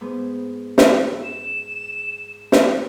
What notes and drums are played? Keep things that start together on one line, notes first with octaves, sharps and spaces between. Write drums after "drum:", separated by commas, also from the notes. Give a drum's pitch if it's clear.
G#2 B3
drum: snare
E7
drum: snare